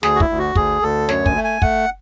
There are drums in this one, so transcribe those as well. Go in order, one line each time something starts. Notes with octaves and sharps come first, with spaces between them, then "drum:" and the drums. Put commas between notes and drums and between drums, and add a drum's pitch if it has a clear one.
D2 G#4, drum: snare
F#4
E4, drum: kick
D2
F#4
D2 G#4, drum: kick
D2 A4
F#2 C#5, drum: snare
G#5, drum: kick
A3
G#5
A3 F#5, drum: kick